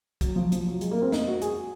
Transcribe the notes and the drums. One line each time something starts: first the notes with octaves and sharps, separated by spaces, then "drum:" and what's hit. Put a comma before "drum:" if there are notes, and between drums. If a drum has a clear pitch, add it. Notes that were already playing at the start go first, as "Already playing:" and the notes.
F#3, drum: kick B1, hi-hat
F3
F3, drum: hi-hat
F#3
G#3, drum: hi-hat
A#3
C4
D#4, drum: snare
F#4
G#4, drum: hi-hat